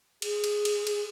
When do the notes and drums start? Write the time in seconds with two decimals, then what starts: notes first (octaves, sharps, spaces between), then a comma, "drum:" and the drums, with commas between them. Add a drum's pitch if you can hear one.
0.22 G#4, drum: cymbal
0.44 drum: cymbal
0.65 drum: cymbal
0.87 drum: cymbal